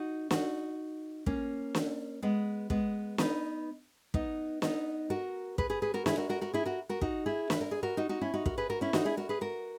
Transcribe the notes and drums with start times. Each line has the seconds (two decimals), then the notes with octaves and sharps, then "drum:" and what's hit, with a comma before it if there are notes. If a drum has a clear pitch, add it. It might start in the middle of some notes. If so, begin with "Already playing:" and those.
Already playing: D#4 F#4
0.31 D#4 F#4, drum: snare
1.26 A#3 C#4, drum: kick
1.75 drum: snare
2.22 G#3 B3
2.70 G#3 B3, drum: kick
3.18 B3 D#4, drum: snare
4.14 B3 D#4, drum: kick
4.62 B3 D#4, drum: snare
5.10 F#4 A#4
5.58 G#4 B4, drum: kick
5.70 G#4 B4
5.82 G#4 B4
5.94 F#4 A#4
6.06 E4 G#4, drum: snare
6.18 F#4 A#4
6.29 F#4 A#4
6.41 F#4 A#4
6.54 E4 G#4
6.65 F#4 A#4
6.89 F#4 A#4
7.01 D#4 F#4, drum: kick
7.26 E4 G#4
7.50 B4, drum: snare
7.61 A#4
7.71 G#4
7.83 F#4 A#4
7.97 D#4 F#4
8.09 D#4 F#4
8.21 C#4 E4
8.34 D#4 F#4
8.46 F#4 A#4, drum: kick
8.57 G#4 B4
8.70 F#4 A#4
8.81 C#4 E4
8.93 D#4 F#4, drum: snare
9.05 E4 G#4
9.17 F#4 A#4
9.29 G#4 B4
9.41 F#4 A#4